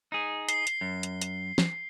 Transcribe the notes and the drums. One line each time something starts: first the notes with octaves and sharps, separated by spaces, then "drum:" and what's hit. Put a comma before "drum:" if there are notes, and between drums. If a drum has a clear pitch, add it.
D#4 G#4
C7 G7, drum: hi-hat
drum: hi-hat
F#2
drum: hi-hat
drum: hi-hat
drum: snare